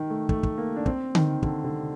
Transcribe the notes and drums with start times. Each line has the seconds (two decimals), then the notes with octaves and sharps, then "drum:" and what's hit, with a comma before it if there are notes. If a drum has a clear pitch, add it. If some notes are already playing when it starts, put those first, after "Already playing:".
Already playing: D#3
0.10 A3
0.29 A3, drum: kick
0.43 drum: kick
0.58 A#3
0.76 D4
0.86 C4, drum: kick
1.15 D#3, drum: tom D3
1.43 D3, drum: kick
1.64 D3
1.71 C3